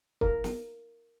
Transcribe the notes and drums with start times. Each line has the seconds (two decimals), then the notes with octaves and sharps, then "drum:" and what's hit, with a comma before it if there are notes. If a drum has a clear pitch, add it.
0.21 A#4, drum: kick
0.44 drum: snare